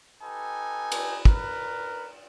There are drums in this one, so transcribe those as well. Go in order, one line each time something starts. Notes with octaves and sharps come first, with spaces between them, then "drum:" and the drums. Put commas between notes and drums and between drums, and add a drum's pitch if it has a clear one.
D#4 G4 A4 B4 G#5
drum: cymbal
A#4 B4, drum: kick